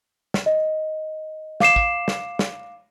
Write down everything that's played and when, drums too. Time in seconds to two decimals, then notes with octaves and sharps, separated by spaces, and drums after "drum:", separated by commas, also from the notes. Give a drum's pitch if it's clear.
0.34 drum: snare
0.46 D#5
1.60 F5 D6 C7 E7, drum: snare
1.76 drum: kick
2.08 drum: snare
2.39 drum: snare